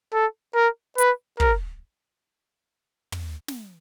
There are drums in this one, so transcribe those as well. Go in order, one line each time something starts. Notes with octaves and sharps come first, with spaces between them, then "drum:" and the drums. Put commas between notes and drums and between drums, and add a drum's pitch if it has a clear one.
A4
A#4
B4, drum: hi-hat
A#4, drum: kick
drum: tom
drum: snare